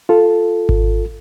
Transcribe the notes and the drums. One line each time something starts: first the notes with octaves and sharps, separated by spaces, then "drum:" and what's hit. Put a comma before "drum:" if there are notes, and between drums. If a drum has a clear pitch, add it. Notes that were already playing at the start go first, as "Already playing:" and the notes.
F4 A4
drum: kick G#1